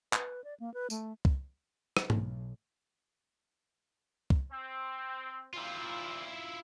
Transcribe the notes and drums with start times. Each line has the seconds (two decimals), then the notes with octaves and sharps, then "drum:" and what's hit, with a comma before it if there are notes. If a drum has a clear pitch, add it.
0.13 B4, drum: clap
0.44 D5
0.60 A#3
0.74 B4
0.90 A3, drum: tambourine
1.25 drum: kick
1.97 drum: rim click
2.10 B1, drum: tom G#2
4.30 drum: kick
4.51 C4
5.54 A#2 C4 E4 F4